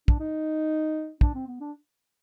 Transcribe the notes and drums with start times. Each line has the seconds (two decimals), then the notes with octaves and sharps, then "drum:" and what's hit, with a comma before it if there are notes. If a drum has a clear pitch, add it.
0.08 D4, drum: kick
0.20 D#4
1.21 D4, drum: kick
1.34 C4
1.47 B3
1.60 D4